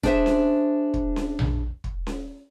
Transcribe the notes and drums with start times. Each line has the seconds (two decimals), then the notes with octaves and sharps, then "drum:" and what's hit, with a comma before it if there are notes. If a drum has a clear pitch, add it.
0.03 D4 G#4 C5 E5, drum: kick
0.26 drum: snare C#4
0.94 drum: kick
1.16 drum: snare C#4
1.39 drum: tom A#1
1.84 drum: kick
2.07 drum: snare C#4